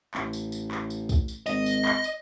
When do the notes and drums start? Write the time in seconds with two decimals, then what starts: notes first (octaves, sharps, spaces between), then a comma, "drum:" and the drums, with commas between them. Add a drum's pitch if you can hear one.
0.14 A1, drum: clap
0.33 drum: tambourine
0.52 drum: tambourine
0.71 drum: clap
0.90 drum: tambourine
1.09 drum: kick, tambourine
1.28 drum: tambourine
1.46 G#1 D#5, drum: tambourine
1.66 drum: tambourine
1.85 drum: clap
2.04 drum: tambourine